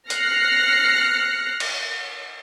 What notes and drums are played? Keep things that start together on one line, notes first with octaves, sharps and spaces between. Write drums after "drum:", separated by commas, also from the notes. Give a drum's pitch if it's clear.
F6 F#6 A#6 C7 C#7, drum: hi-hat
drum: cymbal